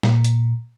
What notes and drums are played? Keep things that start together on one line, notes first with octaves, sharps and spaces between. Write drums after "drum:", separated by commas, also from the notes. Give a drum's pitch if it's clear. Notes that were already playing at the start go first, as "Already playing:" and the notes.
A#2, drum: snare
drum: hi-hat